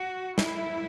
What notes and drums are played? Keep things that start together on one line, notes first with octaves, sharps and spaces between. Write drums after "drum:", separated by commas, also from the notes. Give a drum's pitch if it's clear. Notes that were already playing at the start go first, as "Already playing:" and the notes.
Already playing: F#4
E4, drum: snare